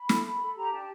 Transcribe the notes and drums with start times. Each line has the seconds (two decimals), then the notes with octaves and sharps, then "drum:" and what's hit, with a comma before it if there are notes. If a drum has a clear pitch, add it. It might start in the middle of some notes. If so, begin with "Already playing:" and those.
Already playing: B5
0.09 A4, drum: snare
0.25 A4
0.41 A4
0.56 G4 A#5
0.72 D4 A5